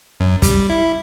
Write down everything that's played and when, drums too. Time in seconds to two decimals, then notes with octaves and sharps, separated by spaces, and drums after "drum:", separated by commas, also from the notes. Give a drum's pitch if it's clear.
0.20 F#2
0.42 G3, drum: kick, hi-hat
0.70 E4